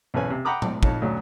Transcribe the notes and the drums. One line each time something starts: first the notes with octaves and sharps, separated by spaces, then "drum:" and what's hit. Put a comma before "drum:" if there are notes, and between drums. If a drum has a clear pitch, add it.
B1 E2 C#4 B4 G#5
C3
F#5 G5 A#5 B5 D6 D#6
drum: tom
F2 D#4 C#5 A5, drum: kick
D2 F#3 C#4